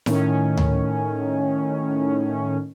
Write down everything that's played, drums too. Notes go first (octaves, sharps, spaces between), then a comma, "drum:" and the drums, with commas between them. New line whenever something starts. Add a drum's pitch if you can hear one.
A2 D#3 C#4, drum: snare E4
drum: tom D2